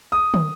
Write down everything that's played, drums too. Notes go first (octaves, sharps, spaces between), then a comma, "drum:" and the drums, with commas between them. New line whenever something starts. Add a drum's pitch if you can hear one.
D#6
drum: tom